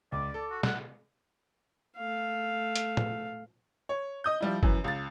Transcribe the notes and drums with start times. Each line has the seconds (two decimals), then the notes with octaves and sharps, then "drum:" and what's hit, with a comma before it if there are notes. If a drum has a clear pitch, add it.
0.12 C#2 D5 D6
0.34 A4
0.50 F#4
0.63 F#5, drum: snare
1.97 A3 F5
2.76 drum: hi-hat
2.97 drum: tom
3.89 C#5
4.24 D#5 D#6 G6
4.41 F3 G3 E4
4.63 F#2 E3, drum: kick G1
4.84 C#2 A6